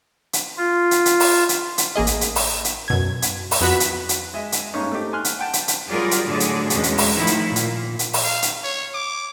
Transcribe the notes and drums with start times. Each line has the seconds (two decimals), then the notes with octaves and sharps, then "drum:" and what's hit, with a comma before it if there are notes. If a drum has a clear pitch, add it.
0.33 drum: hi-hat
0.57 F4
0.91 drum: hi-hat
1.06 drum: hi-hat
1.20 drum: open hi-hat
1.49 drum: hi-hat
1.78 drum: hi-hat
1.96 A1 A#3 G#4 D#5
2.07 drum: hi-hat
2.21 drum: hi-hat
2.36 drum: open hi-hat
2.64 drum: hi-hat
2.88 F#2 B2 G#6
3.22 drum: hi-hat
3.51 drum: open hi-hat
3.61 F2 B3 F#4 B5 B6
3.80 drum: hi-hat
4.09 drum: hi-hat
4.34 G#3 D#5 E5
4.52 drum: hi-hat
4.74 G2 G#3 A#3 C#4 D#4
4.92 A3 C4 D#4 G4
5.13 G#5 C6 F6 F#6
5.25 drum: hi-hat
5.39 F#5 G5 A5
5.53 drum: hi-hat
5.68 drum: hi-hat
5.89 F#3 G3 F4 G#4 A#4 D5
6.11 drum: hi-hat
6.26 A2 D3 F#3 D4 G#4 D5
6.40 drum: hi-hat
6.70 E2 B2 G#3 C#4, drum: hi-hat
6.83 drum: hi-hat
6.98 drum: open hi-hat
7.14 A2 D#3 F3 D#4 E4
7.27 drum: hi-hat
7.47 A#2
7.56 drum: hi-hat
7.99 drum: hi-hat
8.13 drum: open hi-hat
8.24 F5
8.42 drum: hi-hat
8.64 C#5
8.94 D6